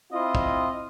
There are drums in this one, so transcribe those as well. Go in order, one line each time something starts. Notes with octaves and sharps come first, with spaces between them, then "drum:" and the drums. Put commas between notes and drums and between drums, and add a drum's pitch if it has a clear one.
C4 E4 F4 D#5
drum: kick